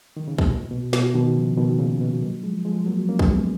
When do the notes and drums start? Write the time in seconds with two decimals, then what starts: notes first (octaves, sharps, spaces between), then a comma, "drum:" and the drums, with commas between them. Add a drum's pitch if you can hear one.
0.17 D#3
0.28 C#3
0.38 B2, drum: kick
0.50 A#2
0.71 B2
0.93 B2, drum: snare
1.14 B2 D#3
1.36 C#3 F3
1.57 B2 D#3
1.79 A#2 C#3
2.01 B2
2.22 F#3 A#3
2.43 F3 G#3
2.65 F3 G#3
2.80 G#3
2.86 F#3 A#3
3.09 A#3 C#4
3.19 drum: kick
3.29 G#3 B3